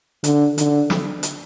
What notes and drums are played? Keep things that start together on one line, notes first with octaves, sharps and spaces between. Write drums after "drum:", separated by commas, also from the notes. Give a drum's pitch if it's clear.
D3, drum: hi-hat
D3, drum: hi-hat
drum: snare
drum: hi-hat